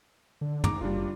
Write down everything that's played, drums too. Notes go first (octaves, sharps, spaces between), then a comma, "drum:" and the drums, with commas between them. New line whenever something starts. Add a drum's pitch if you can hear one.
D3
G#2 A#5 D6, drum: tom
F#1 G3 D4 F4